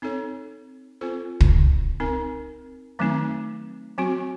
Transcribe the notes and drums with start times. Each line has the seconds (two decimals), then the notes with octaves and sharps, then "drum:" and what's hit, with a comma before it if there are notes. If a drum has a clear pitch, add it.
0.02 C4 D#4 A4 C#5
1.01 C4 F4 A4 C5
1.40 drum: kick
2.00 C4 D#4 A#4
2.99 D#3 F#3 A3 C4 D#4
3.98 F#3 C4 F#4